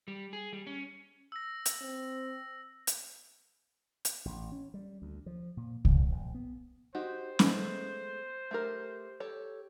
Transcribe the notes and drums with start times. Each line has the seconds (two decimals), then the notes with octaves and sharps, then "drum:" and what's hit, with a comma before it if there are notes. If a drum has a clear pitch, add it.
0.08 G3
0.33 G#4
0.53 G3
0.67 C#4
1.32 E6 A#6
1.66 drum: hi-hat
1.82 C4
2.87 drum: hi-hat
4.05 drum: hi-hat
4.25 A1
4.52 C#4
4.74 G3
5.02 D2
5.26 F3
5.57 A#2
5.85 E1, drum: kick C2
6.12 A#1
6.34 B3
6.95 D#4 F#4 G4 C5
7.39 G#3 A3 B3, drum: snare
8.51 A3 G4 A#4
9.20 G4 A4 C#5